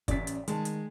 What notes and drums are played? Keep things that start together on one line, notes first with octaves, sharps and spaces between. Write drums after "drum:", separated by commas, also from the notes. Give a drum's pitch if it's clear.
A1 F#2 D5 B6, drum: kick, hi-hat
drum: hi-hat
D#3 G#3 A5, drum: hi-hat
drum: hi-hat